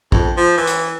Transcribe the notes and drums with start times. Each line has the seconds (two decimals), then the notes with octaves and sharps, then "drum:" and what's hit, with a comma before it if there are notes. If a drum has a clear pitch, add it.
0.12 F2, drum: kick
0.37 F3
0.57 E3
0.67 drum: hi-hat